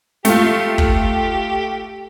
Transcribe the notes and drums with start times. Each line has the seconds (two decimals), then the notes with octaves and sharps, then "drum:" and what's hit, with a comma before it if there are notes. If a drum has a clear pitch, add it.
0.25 A3 F4 G4, drum: snare
0.78 drum: kick